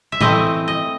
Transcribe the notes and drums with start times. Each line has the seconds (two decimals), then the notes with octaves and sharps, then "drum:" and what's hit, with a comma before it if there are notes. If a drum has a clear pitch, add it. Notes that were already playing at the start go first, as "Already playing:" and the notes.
0.12 E5
0.21 E3 A3 C4 D#5, drum: tom A2
0.68 D#5